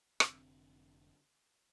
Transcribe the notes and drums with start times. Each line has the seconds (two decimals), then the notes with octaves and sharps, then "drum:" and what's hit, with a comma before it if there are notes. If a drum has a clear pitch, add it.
0.20 F1 D3 C4, drum: rim click